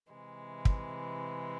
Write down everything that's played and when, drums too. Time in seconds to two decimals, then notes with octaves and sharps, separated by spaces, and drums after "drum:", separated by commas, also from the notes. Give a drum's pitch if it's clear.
0.10 C3 E3 G#3
0.65 drum: kick